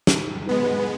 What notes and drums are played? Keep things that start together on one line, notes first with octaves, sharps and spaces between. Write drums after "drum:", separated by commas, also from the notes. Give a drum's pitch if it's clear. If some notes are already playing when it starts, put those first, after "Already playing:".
drum: snare
G#3 B3 B4